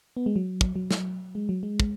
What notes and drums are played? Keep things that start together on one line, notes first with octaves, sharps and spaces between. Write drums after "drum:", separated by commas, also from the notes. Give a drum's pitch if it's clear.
B3
G#3
F#3
drum: kick
F#3
drum: snare
G#3
F#3
G#3
drum: kick